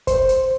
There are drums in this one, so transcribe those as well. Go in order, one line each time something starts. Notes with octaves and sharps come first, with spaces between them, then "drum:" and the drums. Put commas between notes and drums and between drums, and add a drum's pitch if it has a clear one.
C5, drum: kick, hi-hat
drum: hi-hat